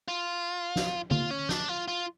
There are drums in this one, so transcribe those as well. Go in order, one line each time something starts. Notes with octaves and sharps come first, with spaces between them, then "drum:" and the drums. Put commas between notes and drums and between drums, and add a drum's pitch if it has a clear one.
F4
drum: snare
F4, drum: tom D3
C#4
D4, drum: snare
F4
F4